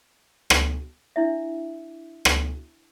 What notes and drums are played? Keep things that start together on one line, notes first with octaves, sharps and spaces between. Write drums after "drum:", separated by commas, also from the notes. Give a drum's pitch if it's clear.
drum: rim click
D4 E4 E5
drum: rim click